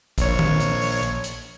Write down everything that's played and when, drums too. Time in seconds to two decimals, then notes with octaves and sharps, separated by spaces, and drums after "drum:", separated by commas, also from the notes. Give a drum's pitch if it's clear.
0.18 A#1 C#5, drum: kick, hi-hat
0.39 drum: tom D#3
0.60 drum: hi-hat
0.81 drum: open hi-hat
1.03 drum: hi-hat
1.24 drum: hi-hat